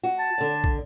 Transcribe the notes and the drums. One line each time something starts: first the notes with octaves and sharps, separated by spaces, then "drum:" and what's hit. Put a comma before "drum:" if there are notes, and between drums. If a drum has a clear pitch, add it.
F#4
A5
D3 D5
drum: kick